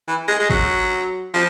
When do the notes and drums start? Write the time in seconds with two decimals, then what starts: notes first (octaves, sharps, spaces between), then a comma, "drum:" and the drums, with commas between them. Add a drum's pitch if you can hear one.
0.08 E3
0.28 G#3
0.39 G#3
0.50 F#3, drum: kick
1.34 F3